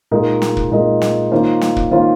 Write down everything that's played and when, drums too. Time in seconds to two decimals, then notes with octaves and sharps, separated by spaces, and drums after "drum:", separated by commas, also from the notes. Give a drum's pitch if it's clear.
0.11 A#2 G#3 D#4 A#4 D#5
0.42 drum: snare
0.57 drum: kick
0.71 A#2 G#3 D#4 A#4 D#5
1.02 drum: snare
1.32 D#3 A#3 C#4 F4 C5
1.61 drum: snare
1.76 drum: kick
1.91 D#3 A#3 C#4 F4 C5